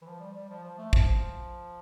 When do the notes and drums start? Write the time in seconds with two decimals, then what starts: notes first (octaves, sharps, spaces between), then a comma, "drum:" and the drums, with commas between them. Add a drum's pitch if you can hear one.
0.02 E3
0.06 F3
0.20 G3
0.35 G3
0.49 F3
0.64 F3
0.78 A3
0.93 F3, drum: kick